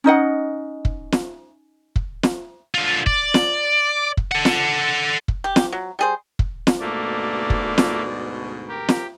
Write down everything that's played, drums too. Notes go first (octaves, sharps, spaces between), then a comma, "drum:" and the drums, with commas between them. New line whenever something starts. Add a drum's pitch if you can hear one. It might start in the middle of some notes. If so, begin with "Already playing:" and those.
C#4 D#4 D#5 F#5
drum: kick
drum: snare
drum: kick
drum: snare
D3 F4
D5, drum: kick
drum: snare
drum: kick
A4 F#5
drum: snare
drum: kick
G4
drum: snare
F#3
G3 G#4 C5
drum: kick
drum: snare
D2 G#2 B2 A3 A#3 D5
drum: kick
drum: snare
G4 A#4
drum: snare